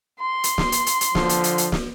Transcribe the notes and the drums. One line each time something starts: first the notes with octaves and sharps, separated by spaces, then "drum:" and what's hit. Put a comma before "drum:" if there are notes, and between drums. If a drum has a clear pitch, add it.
C6
drum: hi-hat
drum: snare
drum: hi-hat
drum: hi-hat
drum: hi-hat
D3 F3, drum: snare
drum: hi-hat
drum: hi-hat
drum: hi-hat
drum: snare